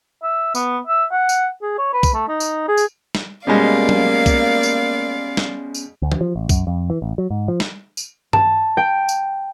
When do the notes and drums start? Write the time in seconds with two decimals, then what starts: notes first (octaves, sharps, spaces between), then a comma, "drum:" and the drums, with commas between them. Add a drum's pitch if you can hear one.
0.23 E5
0.55 B3, drum: tambourine
0.87 E5
1.11 F#5
1.29 drum: tambourine
1.62 G#4
1.78 C#5
1.93 B4
2.03 drum: kick, tambourine
2.13 A3
2.28 D#4
2.40 drum: tambourine
2.68 G#4
2.77 drum: tambourine
3.15 drum: snare
3.47 B2 G3 G#3 A#3 B3 C#4 D5 F5
3.89 drum: tom F#3
4.26 drum: kick, tambourine
4.63 drum: tambourine
5.37 drum: snare
5.74 drum: tambourine
6.02 D2
6.12 drum: tom E3
6.21 F3
6.36 A1
6.49 F#2, drum: kick, tambourine
6.67 F2
6.90 E3
7.02 A1
7.18 F#3
7.30 G#2
7.48 F3
7.60 drum: snare
7.97 drum: tambourine
8.33 A5, drum: tom G2
8.77 G5
9.09 drum: tambourine